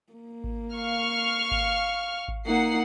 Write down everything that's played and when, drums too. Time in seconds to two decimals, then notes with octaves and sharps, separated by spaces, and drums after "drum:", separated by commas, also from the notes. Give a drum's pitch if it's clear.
0.12 A#3
0.44 drum: kick G#1
0.75 F5 C#6 F6
1.51 drum: kick G#1
2.28 drum: kick G#1
2.46 A#3 D#4 F#5 C7